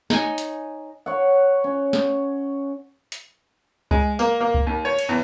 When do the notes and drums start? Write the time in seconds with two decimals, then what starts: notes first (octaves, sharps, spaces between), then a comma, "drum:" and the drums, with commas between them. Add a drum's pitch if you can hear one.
0.10 D#4 C#5 D#5 G#5, drum: snare
0.38 drum: hi-hat
1.06 C#5 F#5
1.64 C#4
1.93 drum: snare
3.12 drum: hi-hat
3.91 G#3, drum: kick C#2
4.19 A#3, drum: tambourine
4.40 A#3
4.54 drum: kick C#2
4.67 D#2
4.85 C#5
4.99 drum: cymbal
5.09 E2